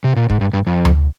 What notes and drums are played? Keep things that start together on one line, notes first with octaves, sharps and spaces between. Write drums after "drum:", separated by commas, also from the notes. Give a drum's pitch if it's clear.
C3
A#2
G#2, drum: kick
G2
G2
F2
drum: tom D2